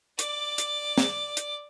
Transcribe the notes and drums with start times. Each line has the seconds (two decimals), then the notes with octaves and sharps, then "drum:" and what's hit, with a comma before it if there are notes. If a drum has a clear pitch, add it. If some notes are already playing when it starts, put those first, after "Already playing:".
0.19 D5 D6, drum: hi-hat
0.58 drum: hi-hat
0.98 drum: snare
1.37 drum: hi-hat